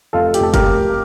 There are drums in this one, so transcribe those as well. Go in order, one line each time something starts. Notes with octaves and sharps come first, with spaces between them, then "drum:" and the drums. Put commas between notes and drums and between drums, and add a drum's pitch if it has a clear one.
F1 F4 A4
G4, drum: hi-hat
F1 A4
G4 A#4, drum: kick F#1, hi-hat
F1